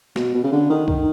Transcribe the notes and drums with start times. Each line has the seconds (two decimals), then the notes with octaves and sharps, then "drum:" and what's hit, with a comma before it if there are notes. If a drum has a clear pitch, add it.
0.16 B2, drum: snare
0.34 B2
0.44 C#3
0.52 D3
0.70 D#3
0.88 D#3, drum: kick C#2